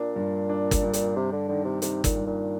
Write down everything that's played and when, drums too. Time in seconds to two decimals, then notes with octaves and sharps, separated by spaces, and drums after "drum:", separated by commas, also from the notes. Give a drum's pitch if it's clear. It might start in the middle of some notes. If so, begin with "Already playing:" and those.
Already playing: A#2 D4
0.16 G2
0.49 D4
0.71 drum: kick, hi-hat
0.83 G2
0.93 drum: hi-hat
1.15 C3 D4
1.32 D3
1.48 D3 D#3
1.65 C3
1.82 C3 D#3, drum: hi-hat
2.04 A#2, drum: kick, hi-hat
2.15 G2
2.27 A#2